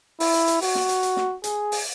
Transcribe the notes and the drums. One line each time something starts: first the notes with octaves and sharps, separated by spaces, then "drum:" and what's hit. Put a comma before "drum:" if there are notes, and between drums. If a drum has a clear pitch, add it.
E4, drum: open hi-hat
drum: hi-hat
drum: hi-hat
F#4, drum: open hi-hat
drum: snare
drum: hi-hat
drum: hi-hat
drum: snare
G#4, drum: hi-hat
drum: open hi-hat